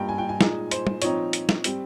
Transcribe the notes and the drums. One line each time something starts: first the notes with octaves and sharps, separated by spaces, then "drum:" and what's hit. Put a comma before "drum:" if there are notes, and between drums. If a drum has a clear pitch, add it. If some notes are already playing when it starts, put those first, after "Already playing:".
Already playing: G2 G3 A#3 G5
G#5
G5
G#5
A#2 G#3 D#4, drum: snare
C5, drum: hi-hat
drum: tom
A#2 F3 C4 D#4 C#5, drum: hi-hat
drum: hi-hat
drum: snare
G3 C4, drum: hi-hat